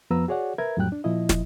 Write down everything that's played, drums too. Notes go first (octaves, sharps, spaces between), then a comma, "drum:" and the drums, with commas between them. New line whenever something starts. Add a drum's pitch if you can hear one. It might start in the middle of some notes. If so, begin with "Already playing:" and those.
F2 F3 B3 B4 A#5 E6
F#4 G#4 C#5 D5 F#5
A#4 B4 E5 A#5 G#6
F2 A2 F#3 G3 G5 F#6
D4
A#2 F3 E4 D#5
drum: snare